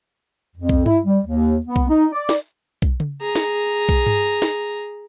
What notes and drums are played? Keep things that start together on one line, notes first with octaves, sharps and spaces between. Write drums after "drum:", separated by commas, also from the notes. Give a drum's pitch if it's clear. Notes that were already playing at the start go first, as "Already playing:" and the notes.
F2
drum: kick B1
E4, drum: tom G2
G3
D#2
B3
drum: kick B1
D#4
D5
drum: snare
drum: kick B1
drum: tom C#3
G#4 A#5
drum: snare
drum: kick B1
drum: tom G2
drum: snare